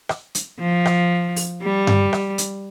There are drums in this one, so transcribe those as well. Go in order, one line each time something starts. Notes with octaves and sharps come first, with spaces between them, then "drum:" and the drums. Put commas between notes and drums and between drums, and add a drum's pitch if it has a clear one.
drum: rim click
drum: hi-hat
F3
drum: rim click
drum: open hi-hat
G3
drum: tom G2
drum: rim click
drum: hi-hat